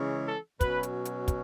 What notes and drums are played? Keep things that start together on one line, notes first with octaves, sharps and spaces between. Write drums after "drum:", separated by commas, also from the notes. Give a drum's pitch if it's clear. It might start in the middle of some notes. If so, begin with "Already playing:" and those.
Already playing: C#3 E3 G#3 C#4
A4
B2 F#3 C#4 B4, drum: kick, hi-hat
drum: hi-hat
drum: hi-hat
drum: kick, hi-hat